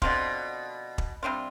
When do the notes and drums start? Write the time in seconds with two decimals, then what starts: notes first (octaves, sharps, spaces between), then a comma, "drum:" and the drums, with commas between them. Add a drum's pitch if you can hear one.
0.02 B2 D3 F3 C4 F4, drum: kick
0.98 drum: kick
1.23 C3 G3 D4 F4